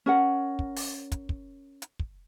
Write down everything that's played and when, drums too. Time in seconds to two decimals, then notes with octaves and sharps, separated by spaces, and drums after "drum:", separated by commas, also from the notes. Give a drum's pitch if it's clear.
0.06 C#4 A#4 F#5
0.59 drum: kick
0.76 drum: open hi-hat
1.12 drum: kick, hi-hat
1.29 drum: kick
1.82 drum: hi-hat
1.99 drum: kick